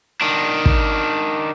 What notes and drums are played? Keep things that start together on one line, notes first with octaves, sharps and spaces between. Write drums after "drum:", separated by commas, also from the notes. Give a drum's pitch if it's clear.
D#3 D4
drum: kick